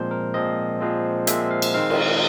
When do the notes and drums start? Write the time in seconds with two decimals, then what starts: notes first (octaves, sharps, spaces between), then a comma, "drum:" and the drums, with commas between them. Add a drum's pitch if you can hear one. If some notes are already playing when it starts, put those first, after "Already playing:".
Already playing: A#2 F3 G#3 C4 C5
0.11 A#4
0.34 A#2 F3 G#3 C4 D#5
0.81 A#2 F3 G#3 C4
1.27 A#2 F3 G#3 C4 E5, drum: hi-hat
1.51 F5
1.62 drum: cymbal
1.74 D#3 G#3 C4 D#4 F5
1.90 drum: cymbal